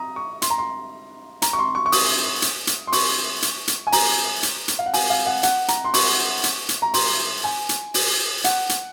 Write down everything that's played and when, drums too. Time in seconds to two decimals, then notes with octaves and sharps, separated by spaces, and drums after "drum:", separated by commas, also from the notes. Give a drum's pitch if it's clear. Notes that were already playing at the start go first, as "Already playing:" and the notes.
Already playing: A#5 D#6
0.16 C#6
0.42 C6, drum: hi-hat
0.50 A#5
0.58 C6
1.42 A#5, drum: hi-hat
1.53 C#6
1.59 C6
1.75 C#6
1.86 C#6
1.92 D#6, drum: open hi-hat
2.42 drum: hi-hat
2.67 drum: hi-hat
2.87 C6
2.92 C#6, drum: open hi-hat
3.42 drum: hi-hat
3.68 drum: hi-hat
3.87 G#5
3.92 A#5, drum: open hi-hat
4.43 drum: hi-hat
4.68 drum: hi-hat
4.79 F5
4.86 F#5
4.94 G#5, drum: open hi-hat
5.10 F5
5.26 F#5
5.43 F#5, drum: hi-hat
5.68 A#5, drum: hi-hat
5.84 C6
5.94 C#6, drum: open hi-hat
6.44 drum: hi-hat
6.69 drum: hi-hat
6.82 A#5
6.94 C6, drum: open hi-hat
7.44 G#5
7.69 drum: hi-hat
7.94 drum: open hi-hat
8.44 F#5, drum: hi-hat
8.69 drum: hi-hat